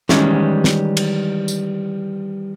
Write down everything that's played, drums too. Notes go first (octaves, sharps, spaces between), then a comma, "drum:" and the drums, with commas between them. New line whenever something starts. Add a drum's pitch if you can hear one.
D#3 E3 G3 G#3 C#4, drum: snare
drum: snare
drum: cymbal
drum: tambourine